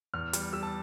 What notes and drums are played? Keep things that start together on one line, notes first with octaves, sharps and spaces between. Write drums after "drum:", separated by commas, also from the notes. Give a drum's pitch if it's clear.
E2 F6
G3, drum: hi-hat
G3 E6
A5